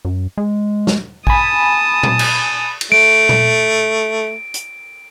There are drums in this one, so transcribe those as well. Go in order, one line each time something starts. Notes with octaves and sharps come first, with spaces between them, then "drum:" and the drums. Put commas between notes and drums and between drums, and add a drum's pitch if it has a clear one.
F#2
G#3
drum: snare
G#5 A5 B5 D#6, drum: kick A1
drum: tom A#2
drum: cymbal
drum: cymbal
A3 D7
drum: tom A#2
drum: hi-hat